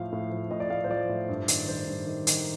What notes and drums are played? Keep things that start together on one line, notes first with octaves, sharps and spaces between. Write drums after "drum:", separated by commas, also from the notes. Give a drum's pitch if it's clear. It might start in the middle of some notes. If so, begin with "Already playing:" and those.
Already playing: A2 F3 F5
A2
F3
A2 D#5
D5
A2 F5
C5
F3 D5
A2
G2
D#3, drum: hi-hat
G2 C5
G2
D#3
D#3, drum: hi-hat